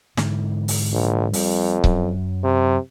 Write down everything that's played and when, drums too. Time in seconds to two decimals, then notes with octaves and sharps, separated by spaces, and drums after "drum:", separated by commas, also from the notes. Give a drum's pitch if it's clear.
0.17 G#2 D3 E3, drum: snare
0.68 drum: open hi-hat
0.93 A#1
1.33 F2 G3, drum: open hi-hat
1.84 F#2 F#3, drum: kick C#1
2.44 C3